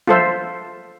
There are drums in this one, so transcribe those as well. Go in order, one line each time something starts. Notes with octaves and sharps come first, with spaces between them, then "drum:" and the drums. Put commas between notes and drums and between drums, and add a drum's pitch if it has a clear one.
F4 A4 C5 E5, drum: tom